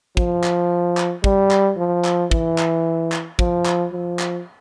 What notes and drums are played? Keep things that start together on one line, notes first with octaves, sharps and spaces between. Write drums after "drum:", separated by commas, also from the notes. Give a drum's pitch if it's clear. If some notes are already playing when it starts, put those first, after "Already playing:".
F3, drum: kick
drum: clap
drum: clap
G3, drum: kick
drum: clap
F3
drum: clap
E3, drum: kick
drum: clap
drum: clap
F3, drum: kick
drum: clap
F3
drum: clap